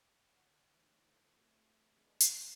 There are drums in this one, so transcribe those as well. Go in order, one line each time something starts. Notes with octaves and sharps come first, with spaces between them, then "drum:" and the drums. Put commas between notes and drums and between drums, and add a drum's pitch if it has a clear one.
D3 C#4 C#5 F#5
E3 A3 D4 D#4 C5
F4 A4
A3 C4 G4
E3 D4 G#4 B4 C#5 D#5
C3 A3 A#3, drum: hi-hat